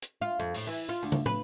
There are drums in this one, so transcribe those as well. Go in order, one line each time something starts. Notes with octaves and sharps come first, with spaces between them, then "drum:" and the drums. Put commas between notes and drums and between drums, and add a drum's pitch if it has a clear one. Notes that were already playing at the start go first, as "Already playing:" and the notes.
drum: hi-hat
F4
F2
A2, drum: open hi-hat
E3
F4
D2
drum: tom
B4, drum: tom